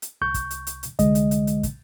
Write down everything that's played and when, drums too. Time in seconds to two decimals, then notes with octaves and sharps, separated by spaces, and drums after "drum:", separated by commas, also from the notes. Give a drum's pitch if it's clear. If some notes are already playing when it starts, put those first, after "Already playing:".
0.02 drum: hi-hat
0.22 C2 C#6 G6
0.34 drum: kick, hi-hat
0.51 drum: hi-hat
0.67 drum: hi-hat
0.83 drum: hi-hat
0.99 C2 D3 G#3 D#5, drum: kick, hi-hat
1.15 drum: hi-hat
1.31 drum: hi-hat
1.47 drum: hi-hat
1.63 drum: kick, hi-hat